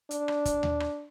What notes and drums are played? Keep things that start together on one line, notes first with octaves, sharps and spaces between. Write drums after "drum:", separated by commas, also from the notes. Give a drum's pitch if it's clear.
D4, drum: hi-hat
drum: rim click
drum: kick, hi-hat
drum: tom D#2
drum: rim click